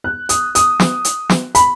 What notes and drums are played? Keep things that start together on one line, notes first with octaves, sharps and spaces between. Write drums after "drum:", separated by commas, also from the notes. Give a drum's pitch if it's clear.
F#6
D#6, drum: hi-hat
D#6, drum: hi-hat
drum: snare
drum: hi-hat
drum: snare
B5, drum: hi-hat